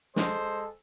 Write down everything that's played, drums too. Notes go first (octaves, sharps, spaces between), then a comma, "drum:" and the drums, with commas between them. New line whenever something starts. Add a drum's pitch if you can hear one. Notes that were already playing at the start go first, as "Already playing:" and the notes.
G#3 A4 C5, drum: snare